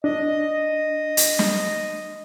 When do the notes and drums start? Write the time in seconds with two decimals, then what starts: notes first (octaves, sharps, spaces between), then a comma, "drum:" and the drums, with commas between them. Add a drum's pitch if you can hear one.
0.04 D4 D#5
1.17 drum: hi-hat
1.39 drum: snare